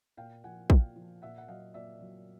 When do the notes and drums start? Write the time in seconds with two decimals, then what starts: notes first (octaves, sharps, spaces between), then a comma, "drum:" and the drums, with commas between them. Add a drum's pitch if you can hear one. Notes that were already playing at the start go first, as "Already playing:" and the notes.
0.17 A#2 F5 G5
0.44 F3 F#5 G#5
0.70 A#2 F5 G5, drum: kick
0.96 F3
1.22 A#2 E5 F#5
1.38 F#5
1.48 F#3 D#5 F5
1.74 A#2 D5 E5
2.01 F#3